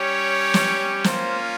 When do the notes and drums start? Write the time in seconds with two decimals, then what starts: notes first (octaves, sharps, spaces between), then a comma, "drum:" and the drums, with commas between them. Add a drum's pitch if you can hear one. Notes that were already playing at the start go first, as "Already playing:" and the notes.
Already playing: G3 C#4 G4 C#5
0.54 drum: snare
1.04 A#3 C#4 F4 C5, drum: snare